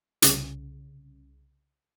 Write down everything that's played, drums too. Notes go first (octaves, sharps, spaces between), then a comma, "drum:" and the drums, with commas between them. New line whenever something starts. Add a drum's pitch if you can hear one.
C2 C#3, drum: hi-hat